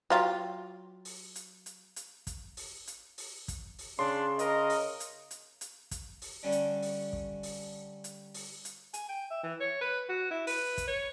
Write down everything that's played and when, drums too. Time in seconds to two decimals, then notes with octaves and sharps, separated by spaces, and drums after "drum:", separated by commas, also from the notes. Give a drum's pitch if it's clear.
0.10 F#3 F4 G4
1.05 drum: open hi-hat
1.36 drum: hi-hat
1.66 drum: hi-hat
1.96 drum: hi-hat
2.27 drum: kick, hi-hat
2.57 drum: open hi-hat
2.87 drum: hi-hat
3.18 drum: open hi-hat
3.48 drum: kick, hi-hat
3.79 drum: open hi-hat
3.99 C#3 D4 C6
4.39 A#4 D#5, drum: hi-hat
4.70 drum: open hi-hat
5.00 drum: hi-hat
5.31 drum: hi-hat
5.61 drum: hi-hat
5.91 drum: kick, hi-hat
6.22 drum: open hi-hat
6.43 D3 G3 A3 C#4 D4
6.52 drum: hi-hat
6.83 drum: open hi-hat
7.13 drum: kick
7.43 drum: open hi-hat
8.04 drum: hi-hat
8.34 drum: open hi-hat
8.65 drum: hi-hat
8.94 G#5, drum: hi-hat
9.09 G5
9.31 E5
9.43 E3
9.60 C#5
9.81 B4
10.09 F#4
10.31 E4
10.47 B4, drum: open hi-hat
10.78 drum: kick, hi-hat
10.87 C#5